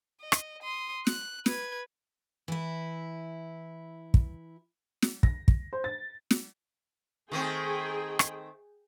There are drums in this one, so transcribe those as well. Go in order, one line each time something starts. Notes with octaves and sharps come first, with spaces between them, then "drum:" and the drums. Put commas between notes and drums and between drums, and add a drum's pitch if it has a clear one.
D#5
drum: rim click
C6 D#6
F#6, drum: snare
B4 G#6, drum: snare
E3 E4
drum: kick
drum: snare
A#6, drum: kick
drum: kick
C5
A6
drum: snare
D#3 A3 C4 G#4 G5
drum: rim click